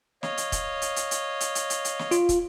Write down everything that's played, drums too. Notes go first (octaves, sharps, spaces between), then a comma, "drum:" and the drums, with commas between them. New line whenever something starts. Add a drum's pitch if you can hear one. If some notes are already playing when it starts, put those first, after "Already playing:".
C#5 D#5 F5, drum: snare
drum: hi-hat
drum: kick, hi-hat
drum: hi-hat
drum: hi-hat
drum: hi-hat
drum: hi-hat
drum: hi-hat
drum: hi-hat
drum: hi-hat
drum: snare
F4, drum: hi-hat
drum: kick, hi-hat